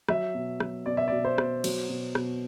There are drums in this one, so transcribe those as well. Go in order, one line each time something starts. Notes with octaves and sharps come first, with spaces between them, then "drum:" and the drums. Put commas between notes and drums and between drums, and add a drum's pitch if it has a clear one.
F#3 E5, drum: rim click
B2
F#3, drum: rim click
B2 D5
E5
B2 D5
C5
B2, drum: rim click
F#3, drum: cymbal
B2
B2, drum: rim click